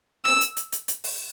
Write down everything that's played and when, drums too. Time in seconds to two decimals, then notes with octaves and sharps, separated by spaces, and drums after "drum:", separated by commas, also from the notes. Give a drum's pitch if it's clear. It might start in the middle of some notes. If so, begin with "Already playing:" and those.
0.25 E6, drum: rim click
0.41 drum: hi-hat
0.57 drum: hi-hat
0.72 drum: hi-hat
0.88 drum: hi-hat
1.04 drum: open hi-hat